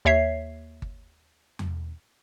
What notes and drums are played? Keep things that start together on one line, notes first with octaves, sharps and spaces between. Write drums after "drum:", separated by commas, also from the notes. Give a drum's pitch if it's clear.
D#2 C#5 E5 C7
drum: kick G1
drum: tom E2